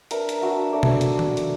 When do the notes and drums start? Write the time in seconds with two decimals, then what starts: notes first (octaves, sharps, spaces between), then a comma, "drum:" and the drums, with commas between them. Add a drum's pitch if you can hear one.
0.11 D4 A#4 B4 E5, drum: hi-hat
0.29 drum: hi-hat
0.41 D4 F#4 E5
0.72 A3 D4 D6
0.83 drum: tom B2
1.01 drum: hi-hat
1.19 drum: tom D#3
1.37 drum: hi-hat